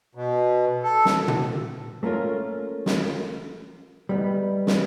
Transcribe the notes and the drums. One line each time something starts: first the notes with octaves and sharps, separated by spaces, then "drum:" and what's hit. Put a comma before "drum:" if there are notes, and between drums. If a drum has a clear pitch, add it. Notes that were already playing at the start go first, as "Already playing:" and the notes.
B2
A4
drum: snare
drum: tom
A3 A#3 C#4 F4 A#4
drum: snare
G3 B3 D#4
drum: snare